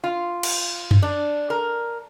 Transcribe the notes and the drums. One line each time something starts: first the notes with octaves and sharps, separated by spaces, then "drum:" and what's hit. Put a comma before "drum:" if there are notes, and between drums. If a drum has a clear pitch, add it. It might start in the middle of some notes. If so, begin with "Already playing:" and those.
F4
drum: cymbal
drum: tom F#2
D4
A#4